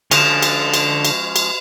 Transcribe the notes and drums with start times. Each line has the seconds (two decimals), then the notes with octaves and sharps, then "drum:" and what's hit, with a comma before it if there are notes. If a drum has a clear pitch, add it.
0.11 D3 F3 G#3 C#4 E7 F7, drum: cymbal
0.42 drum: cymbal
0.74 drum: cymbal
1.05 drum: cymbal
1.36 drum: cymbal